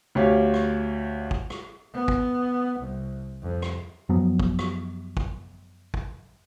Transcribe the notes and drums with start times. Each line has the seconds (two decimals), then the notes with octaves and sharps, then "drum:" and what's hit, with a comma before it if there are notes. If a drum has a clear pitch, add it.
0.15 D2 G4 C#5 F5
0.54 drum: rim click
1.31 drum: kick
1.50 drum: rim click
1.94 B3
2.08 drum: kick
2.79 C2
3.43 F2
3.62 drum: rim click
4.09 F#2 F3 F#3 B3
4.40 drum: kick
4.59 drum: rim click
5.17 drum: kick
5.94 drum: kick